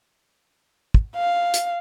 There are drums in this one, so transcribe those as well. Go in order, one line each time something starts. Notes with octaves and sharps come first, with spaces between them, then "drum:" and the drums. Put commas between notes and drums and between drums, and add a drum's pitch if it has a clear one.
drum: kick
F5
drum: hi-hat